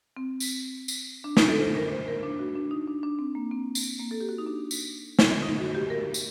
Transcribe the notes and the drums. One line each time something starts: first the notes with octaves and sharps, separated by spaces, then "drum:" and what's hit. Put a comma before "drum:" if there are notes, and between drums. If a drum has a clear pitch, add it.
C4
drum: tambourine
drum: tambourine
D4
D#4, drum: snare
A4
C5
A#4
C5
A#4
D4
F#4
D4
D#4
D4
D4
C4
A#3
C4
drum: tambourine
A#3
A4
G4
F#4
D#4
D4
drum: tambourine
drum: snare
D#4
F#4
G4
A#4
drum: tambourine